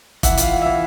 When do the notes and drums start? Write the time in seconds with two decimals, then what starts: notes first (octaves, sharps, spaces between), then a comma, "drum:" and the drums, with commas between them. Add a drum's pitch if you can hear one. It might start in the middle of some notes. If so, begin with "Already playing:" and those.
0.23 E3 E5 F#5, drum: kick F1, hi-hat
0.37 F4, drum: hi-hat
0.42 F5
0.52 F4
0.62 E3 E5